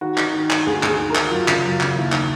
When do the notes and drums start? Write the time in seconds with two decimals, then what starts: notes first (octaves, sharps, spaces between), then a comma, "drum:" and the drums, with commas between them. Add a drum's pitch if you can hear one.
0.01 D#3 F#4
0.17 D#3, drum: clap
0.34 D#3
0.50 D#3, drum: clap
0.67 D2 G#4
0.83 D2, drum: clap
0.88 G#4
1.00 D#3
1.10 A#4
1.15 D#3, drum: clap
1.32 F#2 F4
1.48 C#3, drum: clap
1.64 F#2
1.81 C#3, drum: clap
1.96 D#2 E4
2.12 D#3, drum: clap